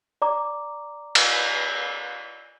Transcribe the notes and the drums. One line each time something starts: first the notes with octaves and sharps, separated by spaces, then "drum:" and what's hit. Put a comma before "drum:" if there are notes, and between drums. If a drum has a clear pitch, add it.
D5 A#5 D6
drum: cymbal